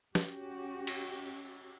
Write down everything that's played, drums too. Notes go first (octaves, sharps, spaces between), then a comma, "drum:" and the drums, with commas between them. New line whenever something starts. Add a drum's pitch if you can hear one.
C#4 F#4 G4, drum: snare
drum: cymbal